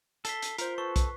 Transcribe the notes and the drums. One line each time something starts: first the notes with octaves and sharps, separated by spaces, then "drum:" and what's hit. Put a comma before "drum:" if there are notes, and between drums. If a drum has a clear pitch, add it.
A4 B6 C7 G7, drum: hi-hat
drum: hi-hat
F4 A#4 C5, drum: hi-hat
A4 B4 C#6
drum: kick, hi-hat